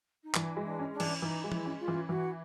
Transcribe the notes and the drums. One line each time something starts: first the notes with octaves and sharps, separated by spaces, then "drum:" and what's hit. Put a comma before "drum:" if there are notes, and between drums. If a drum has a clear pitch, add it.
D#4
E3 D4, drum: clap
G#3
D4
C#4
D4
E3, drum: cymbal
E3 D#4
G#3
E4, drum: tom F3
C#4
F4
E3
E3 F#4